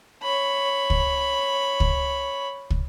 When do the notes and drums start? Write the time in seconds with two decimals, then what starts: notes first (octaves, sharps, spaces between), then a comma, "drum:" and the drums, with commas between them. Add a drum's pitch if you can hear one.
0.22 C#5 B5
0.90 drum: kick
1.80 drum: kick
2.70 drum: kick